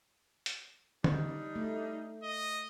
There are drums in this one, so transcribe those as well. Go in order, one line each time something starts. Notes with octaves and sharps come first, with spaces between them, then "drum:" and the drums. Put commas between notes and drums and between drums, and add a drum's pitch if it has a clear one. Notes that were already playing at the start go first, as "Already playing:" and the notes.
drum: hi-hat
G3 D4 D#4, drum: tom
A3
D#5